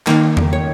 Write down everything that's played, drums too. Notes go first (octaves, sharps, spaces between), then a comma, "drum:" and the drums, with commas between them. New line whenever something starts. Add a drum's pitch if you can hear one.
D#3 A#3, drum: clap
drum: tom E2
C#5